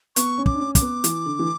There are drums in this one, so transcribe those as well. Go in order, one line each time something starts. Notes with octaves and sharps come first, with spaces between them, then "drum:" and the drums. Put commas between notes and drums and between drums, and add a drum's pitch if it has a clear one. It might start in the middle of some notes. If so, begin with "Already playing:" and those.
B3 C#6, drum: hi-hat
C#4
D6, drum: kick
D4
C#4
D6, drum: kick, hi-hat
B3
E3, drum: hi-hat
D3
E3